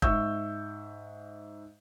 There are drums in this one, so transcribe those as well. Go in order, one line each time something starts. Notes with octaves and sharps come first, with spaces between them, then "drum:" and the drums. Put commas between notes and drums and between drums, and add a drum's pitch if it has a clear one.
G#2 E5 C#6 E6 G6, drum: kick